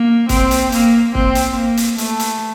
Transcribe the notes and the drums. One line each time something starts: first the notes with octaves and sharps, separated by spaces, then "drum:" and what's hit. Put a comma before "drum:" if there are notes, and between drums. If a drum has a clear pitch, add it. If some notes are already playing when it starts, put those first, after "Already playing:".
Already playing: A#3
C4, drum: kick, hi-hat
drum: hi-hat
A#3, drum: hi-hat
C4, drum: kick
drum: hi-hat
A#3
drum: hi-hat
A3, drum: hi-hat
drum: hi-hat